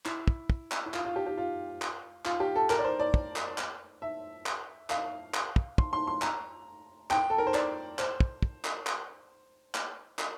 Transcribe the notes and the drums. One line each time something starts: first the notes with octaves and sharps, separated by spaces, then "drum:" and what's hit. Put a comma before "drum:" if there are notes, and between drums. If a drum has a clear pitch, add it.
E4, drum: clap
drum: kick
drum: kick
drum: clap
E4
F4, drum: clap
F4
G4
G4
F4
drum: clap
F4, drum: clap
G4
A4
A#4, drum: clap
D5
C5
D5
drum: kick
drum: clap
drum: clap
E5
drum: clap
F5, drum: clap
drum: clap
drum: kick
C6, drum: kick
C6
C6
A#5, drum: clap
G5, drum: clap
A4
A#4
C5
D5, drum: clap
C5, drum: clap
drum: kick
drum: kick
drum: clap
drum: clap
drum: clap
drum: clap